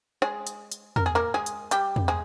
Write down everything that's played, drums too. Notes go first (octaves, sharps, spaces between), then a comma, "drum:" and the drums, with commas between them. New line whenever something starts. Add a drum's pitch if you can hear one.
G#3 G#4, drum: rim click
drum: hi-hat
drum: hi-hat
A#4, drum: tom E2
G#4
A#3 A#4
G#3 G#4
drum: hi-hat
G3 G4, drum: hi-hat
drum: tom E2
G#3 G#4